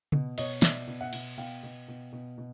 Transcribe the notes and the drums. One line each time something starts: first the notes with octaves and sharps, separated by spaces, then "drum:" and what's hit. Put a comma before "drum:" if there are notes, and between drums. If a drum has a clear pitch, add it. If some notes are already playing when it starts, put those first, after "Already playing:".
B2, drum: tom C#3
B2 C#5 D#5, drum: cymbal
B2 D5 E5, drum: snare
B2
E5 F#5
B2, drum: cymbal
B2 F5 G5
B2
B2
B2
B2